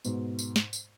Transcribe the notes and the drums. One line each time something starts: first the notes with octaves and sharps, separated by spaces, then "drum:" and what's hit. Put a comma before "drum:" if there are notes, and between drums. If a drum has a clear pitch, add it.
G#2 B2, drum: tambourine
drum: tambourine
drum: snare
drum: tambourine